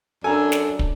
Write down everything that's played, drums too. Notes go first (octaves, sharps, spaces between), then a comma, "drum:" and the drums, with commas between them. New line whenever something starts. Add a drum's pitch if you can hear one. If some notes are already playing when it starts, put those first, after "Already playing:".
F#2 D4 A4 G#5 A#5 E6
drum: snare
drum: kick